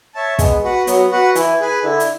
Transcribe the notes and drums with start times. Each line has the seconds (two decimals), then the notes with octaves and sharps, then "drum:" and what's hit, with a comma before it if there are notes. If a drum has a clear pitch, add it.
0.15 C#5 E5 A5
0.39 G#3 B3, drum: kick, hi-hat
0.64 F#4 B4 F#5
0.87 F#3 B3, drum: hi-hat
1.11 F#4 B4 F#5
1.35 E3 E4, drum: hi-hat
1.60 G#4 B4
1.84 D3 E4
2.00 drum: hi-hat